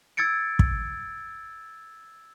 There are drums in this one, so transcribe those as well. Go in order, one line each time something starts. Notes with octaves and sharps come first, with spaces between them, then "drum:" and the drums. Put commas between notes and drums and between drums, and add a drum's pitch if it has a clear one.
E6 G#6 A6 C#7 D7
drum: kick